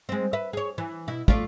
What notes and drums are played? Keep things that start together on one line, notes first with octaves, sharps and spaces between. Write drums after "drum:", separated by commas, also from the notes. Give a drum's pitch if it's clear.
G#3 C4
B4 E5
G#4 C#5
E3
B2 E4
A3 F4 D5, drum: kick